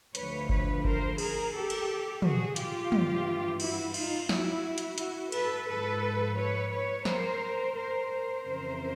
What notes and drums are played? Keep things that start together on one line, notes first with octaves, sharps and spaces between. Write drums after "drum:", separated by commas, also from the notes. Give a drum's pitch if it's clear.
D2 D3 F3 B4 C#5, drum: hi-hat
B4 C#5, drum: kick G1
A#4 C5, drum: kick G1
G#4 A#4, drum: cymbal
G4 A4
drum: cymbal
F#4 G#4, drum: tom
F4 G4, drum: hi-hat
G2 E3, drum: tom
E4 F#4, drum: cymbal
D#4 F4, drum: cymbal
E4 F#4, drum: snare
drum: hi-hat
E4 F#4, drum: hi-hat
A4 B4, drum: cymbal
G#2 F3 A4 B4
B4 C#5
B4 C#5
A#4 C5, drum: snare
A#4 C5
A#4 C5
F2 C#3 E3